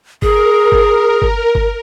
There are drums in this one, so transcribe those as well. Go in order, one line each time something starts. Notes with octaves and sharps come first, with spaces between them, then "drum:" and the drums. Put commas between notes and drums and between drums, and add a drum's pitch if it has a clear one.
G#4 A#4, drum: kick G1
drum: kick G1
drum: kick G1
drum: kick G1